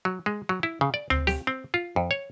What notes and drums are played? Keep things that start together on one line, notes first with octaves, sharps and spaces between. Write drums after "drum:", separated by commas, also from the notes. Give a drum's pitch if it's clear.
F#3
G#3
F#3
E4
C#3
D5
C4, drum: tom D2
G4, drum: snare C4
C4
F4
F2
C#5